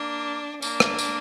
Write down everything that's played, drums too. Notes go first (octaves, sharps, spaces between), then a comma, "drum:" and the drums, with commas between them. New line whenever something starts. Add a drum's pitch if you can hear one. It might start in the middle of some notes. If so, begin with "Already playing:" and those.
Already playing: A#3 D4
A#3 D4, drum: tambourine
drum: rim click
drum: tambourine